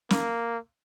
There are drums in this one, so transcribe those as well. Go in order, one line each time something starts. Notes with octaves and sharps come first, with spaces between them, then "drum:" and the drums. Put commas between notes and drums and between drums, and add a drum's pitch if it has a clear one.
A#3, drum: snare